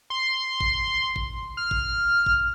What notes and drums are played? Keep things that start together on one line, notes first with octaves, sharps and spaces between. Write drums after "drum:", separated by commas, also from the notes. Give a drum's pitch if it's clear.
C6
drum: kick G#1
drum: kick G#1
F6
drum: kick G#1
drum: kick G#1